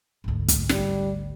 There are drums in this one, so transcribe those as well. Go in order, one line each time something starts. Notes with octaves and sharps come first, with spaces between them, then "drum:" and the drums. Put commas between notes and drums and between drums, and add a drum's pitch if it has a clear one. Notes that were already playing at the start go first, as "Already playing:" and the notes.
G#1 D2
drum: kick, hi-hat
G3, drum: snare